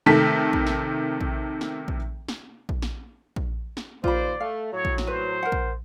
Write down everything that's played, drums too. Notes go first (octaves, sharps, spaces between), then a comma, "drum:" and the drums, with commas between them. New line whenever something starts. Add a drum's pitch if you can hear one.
C3 D#3 A3 A5 B6
drum: kick A#1
drum: snare
drum: kick A#1
drum: snare
drum: kick A#1
drum: snare
drum: kick A#1
drum: snare
drum: kick A#1
drum: snare
D#2 A#2 F4 C5 D5 B5, drum: kick A#1
A3 F5
A2 F#3 C#5
drum: kick A#1
drum: snare
B4 C5
A#4 F#5
drum: kick A#1